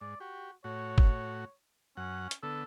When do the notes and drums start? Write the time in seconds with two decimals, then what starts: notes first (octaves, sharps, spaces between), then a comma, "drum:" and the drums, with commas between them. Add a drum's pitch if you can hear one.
0.01 G#2 D5
0.20 F#4 G4
0.64 A2 F#4 C#5
0.98 drum: kick
1.97 F#2 C#4 F#5
2.31 drum: hi-hat
2.43 D3 B3 A4